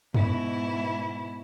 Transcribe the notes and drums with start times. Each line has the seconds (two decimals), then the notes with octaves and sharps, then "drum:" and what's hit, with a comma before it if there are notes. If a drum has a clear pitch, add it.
0.14 G#2 B2 E4, drum: tom F2